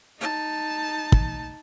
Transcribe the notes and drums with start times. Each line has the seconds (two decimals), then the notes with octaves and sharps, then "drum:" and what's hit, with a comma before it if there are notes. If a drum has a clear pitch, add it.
0.19 D#4 A5
1.12 drum: kick